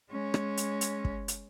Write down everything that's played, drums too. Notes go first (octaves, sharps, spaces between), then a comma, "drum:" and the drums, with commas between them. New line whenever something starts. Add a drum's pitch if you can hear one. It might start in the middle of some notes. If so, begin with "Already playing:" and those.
G#3 C#4
drum: rim click
drum: hi-hat
drum: hi-hat
drum: kick
drum: hi-hat